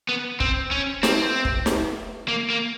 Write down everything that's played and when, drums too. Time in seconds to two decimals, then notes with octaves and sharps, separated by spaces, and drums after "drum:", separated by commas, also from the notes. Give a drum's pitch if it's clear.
0.09 B3
0.40 C4, drum: kick
0.71 C#4
1.03 C4, drum: snare
1.45 drum: kick
1.66 drum: snare
2.28 A#3
2.50 A#3